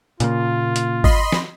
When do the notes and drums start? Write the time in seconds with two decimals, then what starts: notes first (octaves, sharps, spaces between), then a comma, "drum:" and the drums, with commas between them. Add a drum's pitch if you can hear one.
0.20 A#2 C#3 A#3 F4, drum: hi-hat
0.76 drum: hi-hat
1.04 D#5 B5 C6, drum: kick G#1
1.32 drum: snare